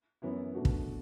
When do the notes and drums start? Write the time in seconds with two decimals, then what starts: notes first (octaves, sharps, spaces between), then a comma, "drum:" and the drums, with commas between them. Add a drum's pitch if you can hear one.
0.22 F#2 E3 B3 E4
0.55 B2 A3 D4 F#4
0.65 drum: kick